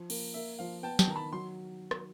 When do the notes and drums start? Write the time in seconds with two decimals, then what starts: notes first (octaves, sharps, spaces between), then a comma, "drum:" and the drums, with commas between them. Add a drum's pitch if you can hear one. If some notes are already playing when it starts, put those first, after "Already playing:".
Already playing: F3
0.10 A#3, drum: cymbal
0.34 A#3 E5
0.59 F3 F5
0.83 B3 G5 A5
0.99 G5 A5, drum: snare
1.07 D#3 A#5
1.16 A5 B5
1.33 F#3 C6
1.91 drum: rim click